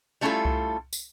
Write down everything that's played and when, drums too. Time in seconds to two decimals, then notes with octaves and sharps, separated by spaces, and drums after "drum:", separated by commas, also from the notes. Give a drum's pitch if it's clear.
0.21 G3 A3 C#4 E4 F4 A4
0.45 drum: kick C2
0.93 drum: tambourine